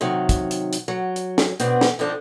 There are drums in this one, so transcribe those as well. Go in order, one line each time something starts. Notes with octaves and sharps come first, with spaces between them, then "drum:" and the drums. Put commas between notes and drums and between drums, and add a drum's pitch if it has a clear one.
C3 D#3 F#3
drum: kick, hi-hat
drum: hi-hat
drum: hi-hat
F#3
drum: hi-hat
drum: snare
B2 B3 C4 D4, drum: hi-hat
drum: snare
D3 F3 C4 D4 D#4